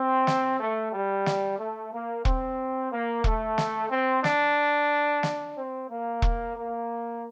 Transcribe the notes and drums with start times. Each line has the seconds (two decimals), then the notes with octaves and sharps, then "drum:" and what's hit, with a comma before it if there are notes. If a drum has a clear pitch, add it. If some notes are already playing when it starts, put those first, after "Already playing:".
Already playing: C4
0.27 drum: snare
0.60 A3
0.93 G3
1.26 drum: snare
1.59 A3
1.93 A#3
2.25 C4, drum: kick E1
2.92 A#3
3.24 A3, drum: kick E1
3.58 drum: snare
3.91 C4
4.24 D4, drum: snare
5.23 drum: snare
5.56 C4
5.89 A#3
6.22 drum: kick E1
6.56 A#3